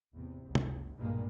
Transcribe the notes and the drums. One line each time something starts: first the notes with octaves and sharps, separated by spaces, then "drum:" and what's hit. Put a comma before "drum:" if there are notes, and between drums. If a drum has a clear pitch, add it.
A1 E2 C3
F#1 C#2
drum: tom
B1 G2 A#2 G3 G#3 A#3